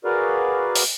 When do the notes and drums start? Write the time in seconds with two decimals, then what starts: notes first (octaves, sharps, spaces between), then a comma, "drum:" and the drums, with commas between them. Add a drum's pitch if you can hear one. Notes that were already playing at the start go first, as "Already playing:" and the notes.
0.05 F#4 G#4 A#4 B4 D5 F5
0.75 drum: open hi-hat